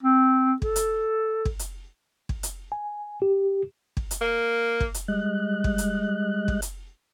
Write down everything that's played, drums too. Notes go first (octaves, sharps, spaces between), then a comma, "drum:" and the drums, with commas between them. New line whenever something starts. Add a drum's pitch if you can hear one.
C4
A4, drum: kick
drum: hi-hat
drum: kick
drum: hi-hat
drum: kick
drum: hi-hat
G#5
G4
drum: kick
drum: hi-hat
A#3
drum: kick
drum: hi-hat
G3 G#3 D#5 F#6
drum: kick
drum: hi-hat
drum: kick
drum: hi-hat